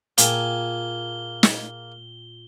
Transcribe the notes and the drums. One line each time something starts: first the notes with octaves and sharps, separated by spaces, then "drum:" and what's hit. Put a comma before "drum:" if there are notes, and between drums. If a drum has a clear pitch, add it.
A#2 A#3 G#4 G5 A5 G7, drum: hi-hat
drum: snare